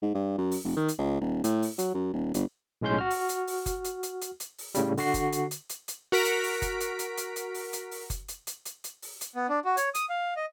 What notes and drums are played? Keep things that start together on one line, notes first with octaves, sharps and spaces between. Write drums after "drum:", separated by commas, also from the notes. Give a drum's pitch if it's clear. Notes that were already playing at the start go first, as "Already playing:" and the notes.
G#2
G2
F#2
drum: open hi-hat
F1
D#3
drum: hi-hat
C#2
D#1
A2, drum: hi-hat
drum: open hi-hat
F#3, drum: hi-hat
F#2
D#1
G1, drum: hi-hat
B1 A2 G#3 C#4 C6 G6
F#4 F6
drum: open hi-hat
drum: hi-hat
drum: open hi-hat
drum: kick F#1, hi-hat
drum: hi-hat
drum: hi-hat
drum: hi-hat
drum: hi-hat
drum: open hi-hat
A2 C#3 G3, drum: hi-hat
D3 F#4 C7, drum: open hi-hat
drum: kick F#1, hi-hat
drum: hi-hat
drum: hi-hat
drum: hi-hat
drum: hi-hat
F#4 A#4 B6 D7
drum: hi-hat
drum: open hi-hat
drum: kick F#1, hi-hat
drum: hi-hat
drum: hi-hat
drum: hi-hat
drum: hi-hat
drum: open hi-hat
drum: hi-hat
drum: open hi-hat
drum: kick F#1, hi-hat
drum: hi-hat
drum: hi-hat
drum: hi-hat
drum: hi-hat
drum: open hi-hat
drum: hi-hat
B3
D4
F#4
C#5, drum: hi-hat
D#6, drum: hi-hat
F5
D#5